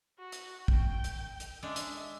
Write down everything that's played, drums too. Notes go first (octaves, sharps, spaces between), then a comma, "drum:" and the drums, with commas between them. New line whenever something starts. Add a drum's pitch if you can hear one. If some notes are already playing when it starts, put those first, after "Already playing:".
F#4
drum: hi-hat
G5, drum: kick
drum: hi-hat
drum: hi-hat
G#3 D4 E5
drum: hi-hat